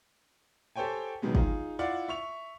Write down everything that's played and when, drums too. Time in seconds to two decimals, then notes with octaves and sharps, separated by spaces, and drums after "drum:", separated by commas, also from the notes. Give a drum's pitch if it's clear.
0.76 G4 A4 C5 C#5 G5 G#5
1.22 C3 D#3 F#3 G#3 B3
1.35 D#4 F4 G#4, drum: kick
1.79 E4 F4 D5 F5 F#5
2.08 E5 C#6 F7